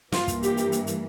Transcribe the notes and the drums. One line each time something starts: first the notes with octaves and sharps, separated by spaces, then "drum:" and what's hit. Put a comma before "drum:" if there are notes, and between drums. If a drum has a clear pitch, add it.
G2 E3 A#3 F4, drum: snare
drum: kick, hi-hat
G4, drum: hi-hat
drum: hi-hat
drum: hi-hat
drum: hi-hat